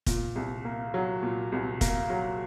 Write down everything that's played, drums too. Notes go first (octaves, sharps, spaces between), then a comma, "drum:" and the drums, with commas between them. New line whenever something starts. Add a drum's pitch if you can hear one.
A#2, drum: kick, hi-hat
C2
A#3
F#3
A#2
C2
A#3, drum: kick, hi-hat
F#3